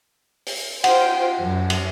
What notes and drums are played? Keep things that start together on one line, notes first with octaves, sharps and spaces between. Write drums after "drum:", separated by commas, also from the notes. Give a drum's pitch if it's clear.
drum: open hi-hat
F4 C5 F#5 G5, drum: cymbal
F#2
drum: cymbal